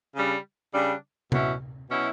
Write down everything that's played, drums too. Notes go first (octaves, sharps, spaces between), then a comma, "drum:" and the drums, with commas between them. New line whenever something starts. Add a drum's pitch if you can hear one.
C#3 G3 D4
C#3 G3 D4
B2 F#3 C#4 E4, drum: tom C3
B2 F#3 C#4 E4